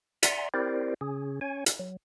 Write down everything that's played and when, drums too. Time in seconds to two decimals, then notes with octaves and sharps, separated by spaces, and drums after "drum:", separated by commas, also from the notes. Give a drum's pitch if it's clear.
0.23 D5 E5 F#5 G#5 A#5 C6, drum: hi-hat
0.54 C4 E4 G4 A#4 C5 D5
1.01 C#3 C#4 G#4
1.41 C#4 C#5 G#5
1.66 drum: hi-hat
1.79 F#3